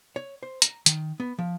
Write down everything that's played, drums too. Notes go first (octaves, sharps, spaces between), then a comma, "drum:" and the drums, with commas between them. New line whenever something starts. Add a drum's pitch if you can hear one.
C#5
C5
A#5, drum: hi-hat
D#3, drum: hi-hat
B3
F3